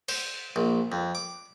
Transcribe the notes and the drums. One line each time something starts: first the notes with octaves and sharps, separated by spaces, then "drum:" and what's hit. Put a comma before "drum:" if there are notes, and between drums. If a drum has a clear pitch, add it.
C5, drum: cymbal
A#1
F2
D6